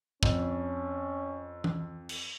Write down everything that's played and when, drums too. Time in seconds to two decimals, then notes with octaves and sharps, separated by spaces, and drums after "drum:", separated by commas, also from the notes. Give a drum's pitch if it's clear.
0.23 F2 C#4, drum: kick
1.64 drum: tom E3
2.09 drum: cymbal